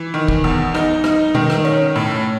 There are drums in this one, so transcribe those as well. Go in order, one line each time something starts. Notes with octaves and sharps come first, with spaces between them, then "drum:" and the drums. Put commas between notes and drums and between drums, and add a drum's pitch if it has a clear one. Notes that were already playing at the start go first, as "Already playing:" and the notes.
Already playing: E3
D#3
drum: kick
E2
D#4, drum: rim click
D#4, drum: rim click
D#3, drum: tom
drum: rim click
C#4
A2